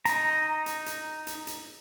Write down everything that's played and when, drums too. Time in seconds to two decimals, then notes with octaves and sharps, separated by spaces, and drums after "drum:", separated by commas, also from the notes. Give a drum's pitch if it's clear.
0.05 D#4 A#5, drum: hi-hat
0.66 drum: hi-hat
0.86 drum: hi-hat
1.27 drum: hi-hat
1.47 drum: hi-hat